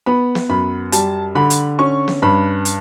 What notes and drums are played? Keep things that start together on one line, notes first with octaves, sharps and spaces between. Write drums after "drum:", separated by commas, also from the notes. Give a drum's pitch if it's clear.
B3 B5
drum: snare
F#2 B5
G3 A5, drum: hi-hat
D3 B5
drum: hi-hat
C#4 C#6
drum: snare
G2 B5
drum: hi-hat